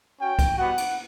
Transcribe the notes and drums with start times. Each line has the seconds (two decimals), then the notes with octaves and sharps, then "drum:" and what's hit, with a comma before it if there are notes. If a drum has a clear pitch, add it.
0.19 C#4 F#4 G5
0.39 drum: kick C2, cymbal
0.58 G3 B3 F#4 F#5
0.78 drum: cymbal